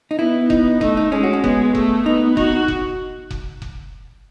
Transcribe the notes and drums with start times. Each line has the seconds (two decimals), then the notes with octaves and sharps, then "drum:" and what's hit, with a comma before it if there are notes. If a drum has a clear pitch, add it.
0.11 D#4
0.19 B3 E4
0.50 D#4, drum: kick F1
0.81 A3 D#4, drum: kick F1
0.97 D#4
1.12 G#3 C#4
1.23 F#4
1.33 C#4
1.44 G#3 B3, drum: kick F1
1.75 A3, drum: kick F1
2.06 B3 D#4
2.37 D#4 F#4, drum: kick F1
2.68 drum: kick F1
3.31 drum: kick F1
3.62 drum: kick F1